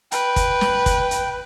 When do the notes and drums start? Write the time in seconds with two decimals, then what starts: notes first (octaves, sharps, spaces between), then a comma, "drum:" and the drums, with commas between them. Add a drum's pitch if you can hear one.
0.12 B4 G5, drum: hi-hat
0.36 drum: kick, hi-hat
0.61 drum: snare
0.86 drum: kick, hi-hat
1.11 drum: hi-hat